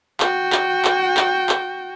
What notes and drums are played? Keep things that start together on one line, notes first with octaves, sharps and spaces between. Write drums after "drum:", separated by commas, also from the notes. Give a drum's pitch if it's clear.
F#4 G5, drum: clap
drum: clap
drum: clap
drum: clap
drum: clap